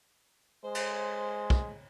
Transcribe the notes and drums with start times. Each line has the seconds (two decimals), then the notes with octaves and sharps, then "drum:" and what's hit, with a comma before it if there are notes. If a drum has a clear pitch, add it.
0.64 G#3 C5
0.75 drum: cymbal
1.50 drum: kick